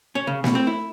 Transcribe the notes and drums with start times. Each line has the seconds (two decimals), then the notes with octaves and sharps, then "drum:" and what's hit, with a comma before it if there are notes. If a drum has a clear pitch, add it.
0.15 C#4
0.27 C#3
0.44 B2, drum: snare
0.55 C4
0.67 E4